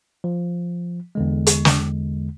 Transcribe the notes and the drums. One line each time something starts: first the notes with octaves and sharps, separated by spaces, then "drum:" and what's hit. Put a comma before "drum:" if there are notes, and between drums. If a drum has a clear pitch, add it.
F3
E2 D3 G#3
drum: hi-hat
drum: snare